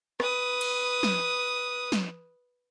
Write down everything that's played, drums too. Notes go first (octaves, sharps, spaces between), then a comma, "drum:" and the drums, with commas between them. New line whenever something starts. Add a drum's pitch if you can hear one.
B4 D#6, drum: rim click
drum: cymbal
drum: snare
drum: snare